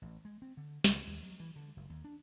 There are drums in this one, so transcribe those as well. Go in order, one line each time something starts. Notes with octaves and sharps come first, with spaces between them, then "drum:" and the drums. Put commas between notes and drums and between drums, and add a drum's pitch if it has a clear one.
A1
G#3
C4
D3
C#2, drum: snare
D#2
F#3
E3
D3
F#1
D#2
D4